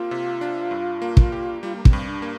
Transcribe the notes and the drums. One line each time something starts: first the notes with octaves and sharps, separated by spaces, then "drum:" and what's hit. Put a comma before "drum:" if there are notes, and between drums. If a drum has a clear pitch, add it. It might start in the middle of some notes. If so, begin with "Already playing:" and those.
Already playing: C3 A#3 F4 G4
C3
D4
G2
A#3
drum: kick
G4
G3 F4
A#3
C4, drum: kick
G2
D4
A#3